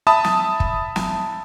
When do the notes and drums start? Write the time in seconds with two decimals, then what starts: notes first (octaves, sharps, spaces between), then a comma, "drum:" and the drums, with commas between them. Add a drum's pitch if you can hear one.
0.07 E5 A5 B5 D#6
0.24 drum: snare
0.60 drum: kick
0.96 drum: snare